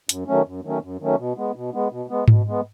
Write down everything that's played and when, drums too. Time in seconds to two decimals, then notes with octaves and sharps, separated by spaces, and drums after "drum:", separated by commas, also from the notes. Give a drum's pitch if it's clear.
0.09 F#2, drum: hi-hat
0.28 D#3 F#3 A3 C#4
0.46 F#2
0.64 D#3 F#3 A3 C#4
0.82 F#2
1.00 D#3 F#3 A3 C#4
1.19 B2
1.37 G#3 B3
1.55 B2
1.74 G#3 B3
1.92 B2
2.10 G#3 B3
2.28 B2, drum: tom G#2
2.47 G#3 B3